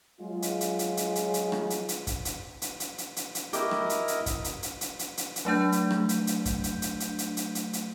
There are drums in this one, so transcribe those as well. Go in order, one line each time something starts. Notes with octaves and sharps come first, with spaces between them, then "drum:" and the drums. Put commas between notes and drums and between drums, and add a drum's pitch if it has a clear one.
F#3 G#3 F4
drum: hi-hat
drum: hi-hat
drum: hi-hat
drum: hi-hat
drum: hi-hat
drum: hi-hat
drum: rim click
drum: hi-hat
drum: hi-hat
drum: kick, hi-hat
drum: hi-hat
drum: hi-hat
drum: hi-hat
drum: hi-hat
drum: hi-hat
drum: hi-hat
E4 F#4 G4 A#4 D#5, drum: hi-hat
drum: rim click
drum: hi-hat
drum: hi-hat
drum: kick, hi-hat
drum: hi-hat
drum: hi-hat
drum: hi-hat
drum: hi-hat
drum: hi-hat
drum: hi-hat
F#3 A3 D4 G6
drum: hi-hat
drum: rim click
drum: hi-hat
drum: hi-hat
drum: kick, hi-hat
drum: hi-hat
drum: hi-hat
drum: hi-hat
drum: hi-hat
drum: hi-hat
drum: hi-hat
drum: hi-hat